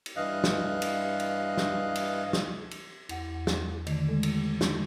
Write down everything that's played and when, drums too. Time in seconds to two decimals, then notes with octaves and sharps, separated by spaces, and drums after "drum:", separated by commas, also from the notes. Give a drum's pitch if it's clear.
0.06 drum: cymbal
0.17 G2 E3 D#5 F5 F#6
0.44 drum: snare
0.82 drum: cymbal
1.20 drum: cymbal
1.57 drum: snare
1.95 drum: cymbal
2.33 drum: snare
2.71 drum: cymbal
3.09 E2 F#5, drum: cymbal
3.47 drum: snare
3.86 D3 D#3 A3, drum: cymbal
4.08 G#3 A4
4.23 drum: cymbal
4.61 drum: snare